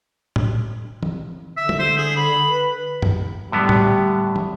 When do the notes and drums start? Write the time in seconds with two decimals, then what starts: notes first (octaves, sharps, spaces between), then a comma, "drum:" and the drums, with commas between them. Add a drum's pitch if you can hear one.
0.36 drum: tom A2
1.03 drum: tom
1.57 D3 E5
1.69 drum: tom
1.79 C5
1.98 G#4
2.16 B5
2.44 B4
3.02 drum: tom F#2
3.52 A2 D3 G3 B3
3.69 drum: tom A2
4.36 drum: tom